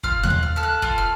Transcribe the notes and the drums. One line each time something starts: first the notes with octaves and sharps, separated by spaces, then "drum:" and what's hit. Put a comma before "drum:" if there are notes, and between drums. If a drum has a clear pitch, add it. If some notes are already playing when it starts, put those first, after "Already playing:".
F4 F6, drum: kick
F#6, drum: tom D#2
F4
F6
A4 F6
F#6
F4 F6, drum: kick
F6